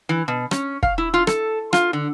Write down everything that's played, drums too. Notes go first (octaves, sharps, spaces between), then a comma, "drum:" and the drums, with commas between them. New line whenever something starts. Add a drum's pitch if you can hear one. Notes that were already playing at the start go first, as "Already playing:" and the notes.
E3
B2
C#4, drum: rim click
F5, drum: kick
E4
F4
A4, drum: rim click
F4, drum: rim click
D3